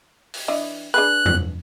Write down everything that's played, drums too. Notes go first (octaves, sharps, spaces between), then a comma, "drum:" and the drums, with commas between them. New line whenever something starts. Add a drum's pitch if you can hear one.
drum: open hi-hat
E3 D4 D#5
D4 G#4 B4 F#6
drum: tom E2